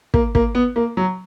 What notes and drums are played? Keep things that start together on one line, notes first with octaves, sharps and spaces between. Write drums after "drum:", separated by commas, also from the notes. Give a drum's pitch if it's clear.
A#3, drum: kick
A#3, drum: kick
B3
A#3
F#3